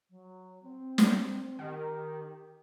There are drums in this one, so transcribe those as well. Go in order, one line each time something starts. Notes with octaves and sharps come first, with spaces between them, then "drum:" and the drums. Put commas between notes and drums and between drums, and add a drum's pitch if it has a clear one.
F#3
C4
drum: snare
D#3 G4